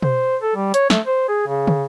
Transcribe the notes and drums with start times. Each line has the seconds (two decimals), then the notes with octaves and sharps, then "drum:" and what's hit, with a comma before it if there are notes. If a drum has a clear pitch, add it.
0.02 C5, drum: tom B2
0.42 A4
0.55 G3
0.74 C#5, drum: hi-hat
0.90 A3, drum: snare
1.06 C5
1.28 G#4
1.47 C#3
1.67 drum: tom